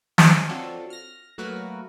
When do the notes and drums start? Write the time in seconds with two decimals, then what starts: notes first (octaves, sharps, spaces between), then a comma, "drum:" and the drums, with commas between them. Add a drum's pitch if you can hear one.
0.18 G#3 C#4 C5 C#5 F5, drum: snare
0.49 C4 D4 F4 F#4 A4 C#5
0.90 F6 A#6
1.38 F#3 A3 A#3 F#4 A#4 B4